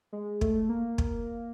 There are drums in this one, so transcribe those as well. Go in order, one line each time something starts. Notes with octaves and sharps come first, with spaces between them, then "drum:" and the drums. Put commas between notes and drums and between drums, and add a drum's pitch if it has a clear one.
G#3
A3, drum: kick
A#3
drum: kick